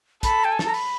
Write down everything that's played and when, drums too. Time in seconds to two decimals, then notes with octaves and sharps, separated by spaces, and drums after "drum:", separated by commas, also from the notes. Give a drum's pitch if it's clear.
0.23 A4 B5, drum: kick, hi-hat
0.44 G5
0.52 G#5
0.59 A5, drum: snare
0.66 A#5
0.74 B5, drum: open hi-hat